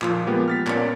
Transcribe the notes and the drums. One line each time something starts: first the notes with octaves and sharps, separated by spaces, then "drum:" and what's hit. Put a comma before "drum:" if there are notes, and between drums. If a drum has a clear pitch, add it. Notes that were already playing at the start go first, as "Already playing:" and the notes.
A#2 F3 F4, drum: clap
F3 G#3 A#3 B3 G4
F6 A6 B6
A#2 A#3 B3 C#4 D5 C#7, drum: clap